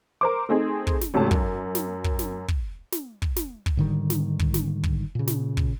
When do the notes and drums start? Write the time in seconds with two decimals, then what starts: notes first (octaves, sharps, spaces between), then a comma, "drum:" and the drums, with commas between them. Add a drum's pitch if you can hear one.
0.21 A#4 C5 D6
0.49 A3 C4 D#4 G#4
0.87 drum: kick
1.01 drum: snare
1.14 G#1 D2 C3 C#4 A4 A5
1.31 F#2, drum: kick
1.75 drum: snare
2.04 drum: kick
2.19 drum: snare
2.48 drum: kick
2.92 drum: snare
3.22 drum: kick
3.37 drum: snare
3.66 drum: kick
3.77 G#2 D3 D#3 G3
4.10 drum: snare
4.39 drum: kick
4.54 drum: snare
4.84 drum: kick
5.15 A#2 C#3
5.28 drum: snare
5.57 drum: kick